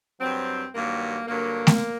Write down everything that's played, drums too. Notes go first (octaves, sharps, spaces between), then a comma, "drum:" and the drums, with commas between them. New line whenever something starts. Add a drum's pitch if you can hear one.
G2 F#3 C4
G2 D#3 F#3 A#3
G2 D3 F#3 A#3
drum: snare A3